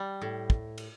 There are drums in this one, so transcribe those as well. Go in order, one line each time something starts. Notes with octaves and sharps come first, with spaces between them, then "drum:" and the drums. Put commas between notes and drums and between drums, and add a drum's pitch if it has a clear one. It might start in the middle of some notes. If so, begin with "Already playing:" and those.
Already playing: G3
A2
drum: kick
drum: cymbal